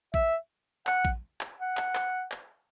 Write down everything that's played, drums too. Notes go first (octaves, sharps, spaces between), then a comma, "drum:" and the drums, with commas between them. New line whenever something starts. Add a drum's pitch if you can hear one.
E5, drum: kick A#1
F#5, drum: clap
drum: kick A#1
drum: clap
F#5
drum: clap
drum: clap
drum: clap